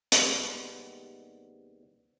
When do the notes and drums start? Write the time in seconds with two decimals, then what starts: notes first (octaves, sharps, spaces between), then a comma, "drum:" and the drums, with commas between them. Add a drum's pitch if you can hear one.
0.12 D#2 C3 G3 G#3 B3 C4, drum: hi-hat